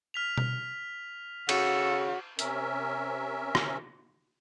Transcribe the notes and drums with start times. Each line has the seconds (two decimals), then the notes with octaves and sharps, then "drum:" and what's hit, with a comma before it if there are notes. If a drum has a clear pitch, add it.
0.14 F6 B6 F7
0.38 drum: tom B2
1.49 C#3 F#4 A4, drum: cymbal
2.39 C3 C#4 A#4 E5, drum: hi-hat
3.55 drum: rim click